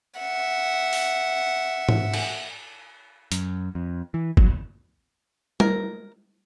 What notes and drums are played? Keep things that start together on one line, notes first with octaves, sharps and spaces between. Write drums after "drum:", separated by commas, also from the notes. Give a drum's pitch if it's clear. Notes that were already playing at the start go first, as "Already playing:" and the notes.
E5 F#5
drum: open hi-hat
drum: tom G#2
drum: cymbal
F#2, drum: hi-hat
F2
E3
F#3, drum: kick
A#4, drum: tom G3